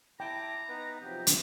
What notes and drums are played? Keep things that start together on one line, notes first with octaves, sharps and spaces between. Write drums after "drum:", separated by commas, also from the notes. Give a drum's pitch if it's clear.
E4 G5 A5 A#5 D6
B3 D#4 B4
C3 F3 F#3 C4 G4
drum: hi-hat